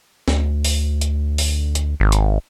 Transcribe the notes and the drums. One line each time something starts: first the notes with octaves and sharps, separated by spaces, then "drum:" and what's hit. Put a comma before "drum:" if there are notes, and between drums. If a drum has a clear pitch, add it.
D2, drum: snare
drum: open hi-hat
drum: hi-hat
drum: open hi-hat
drum: hi-hat
G#1
drum: hi-hat